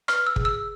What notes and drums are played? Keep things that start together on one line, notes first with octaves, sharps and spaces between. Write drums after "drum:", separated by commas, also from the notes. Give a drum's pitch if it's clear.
B4 F6, drum: rim click
E6
G#4, drum: kick
E6